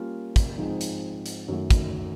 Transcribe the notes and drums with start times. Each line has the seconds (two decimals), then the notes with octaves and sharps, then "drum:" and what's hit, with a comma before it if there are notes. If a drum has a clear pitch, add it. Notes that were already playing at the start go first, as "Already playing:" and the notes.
Already playing: G3 A#3 C#4 F4 A#4
0.36 drum: kick, hi-hat
0.58 G#2 F3 G#3 C4 D#4
0.81 drum: hi-hat
1.26 drum: hi-hat
1.48 F#2 D#3 F#3 A3
1.70 drum: kick, hi-hat